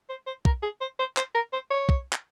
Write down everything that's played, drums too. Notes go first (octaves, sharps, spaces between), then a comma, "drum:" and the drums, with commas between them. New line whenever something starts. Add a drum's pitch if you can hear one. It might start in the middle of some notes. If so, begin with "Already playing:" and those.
C5
C5
A#4, drum: kick
G#4
C5
C5
C5, drum: clap
A#4
C5
C#5
drum: kick
drum: clap